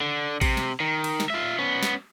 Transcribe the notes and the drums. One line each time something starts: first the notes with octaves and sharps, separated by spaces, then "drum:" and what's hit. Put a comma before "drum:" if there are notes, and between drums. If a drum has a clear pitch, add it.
D3
C3, drum: kick A1, cymbal
drum: snare
D#3
drum: cymbal
drum: snare
F4 E5
B3 C#4
drum: snare